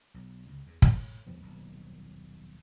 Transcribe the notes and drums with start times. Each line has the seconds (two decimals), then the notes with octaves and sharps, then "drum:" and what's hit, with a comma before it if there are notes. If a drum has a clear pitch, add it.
0.14 B1
0.48 C#2
0.67 E2
0.82 A2, drum: kick
1.27 E2 G#2 F3 B3
1.42 D#1 B1 F2 A#2